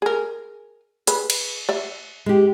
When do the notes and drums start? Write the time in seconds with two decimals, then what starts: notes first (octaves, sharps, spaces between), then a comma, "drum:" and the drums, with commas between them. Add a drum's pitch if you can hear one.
0.02 G#4 A#4
1.07 G#4 B4, drum: hi-hat
1.30 drum: cymbal
1.69 D5 E5
2.26 G#3 G4